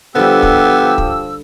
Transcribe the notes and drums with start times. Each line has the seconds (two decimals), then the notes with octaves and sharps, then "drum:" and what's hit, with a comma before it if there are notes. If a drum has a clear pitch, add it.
0.15 D3 F3 G3 B3 G4 E6
0.43 drum: kick
0.98 drum: kick